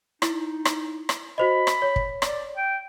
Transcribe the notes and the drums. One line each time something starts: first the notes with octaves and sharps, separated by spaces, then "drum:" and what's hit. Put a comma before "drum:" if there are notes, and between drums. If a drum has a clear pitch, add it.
D#4 E4, drum: rim click
drum: rim click
drum: rim click
F#4 C5 D#5 B5
drum: rim click
C#5
drum: kick
D5, drum: rim click
G5